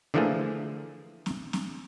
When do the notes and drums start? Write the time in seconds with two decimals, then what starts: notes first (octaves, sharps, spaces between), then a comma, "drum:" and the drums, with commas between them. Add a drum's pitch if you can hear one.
0.14 D3 E3 F3 A3 A#3 G#4
1.26 drum: snare C4
1.53 drum: snare C4